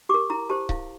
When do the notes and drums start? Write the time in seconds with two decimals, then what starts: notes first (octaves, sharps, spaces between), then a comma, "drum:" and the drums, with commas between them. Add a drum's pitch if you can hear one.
0.09 G4 A#4 D6
0.30 E4 A#5
0.50 G4 C5 A5
0.69 E4 F5, drum: kick C#1